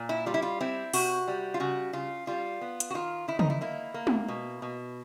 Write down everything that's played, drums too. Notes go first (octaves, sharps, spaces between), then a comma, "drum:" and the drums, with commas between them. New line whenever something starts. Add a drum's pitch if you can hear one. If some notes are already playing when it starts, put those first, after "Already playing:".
Already playing: A#2
E4
G3 F4
E4
F4
C4 E4
C3 F#4, drum: open hi-hat
G3
F4
C#3 F#4
C#3 F4
G3 F4
B3
drum: hi-hat
F#4
D#3 F4
D#3 E4
D#4, drum: tom C#3
E4
A#3 E4
A#3
drum: tom G#3
B2
B2